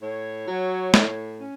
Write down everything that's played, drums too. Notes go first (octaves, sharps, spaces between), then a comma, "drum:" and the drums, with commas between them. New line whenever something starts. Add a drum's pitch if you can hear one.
A2 C#5
F#3
A2, drum: snare
C#4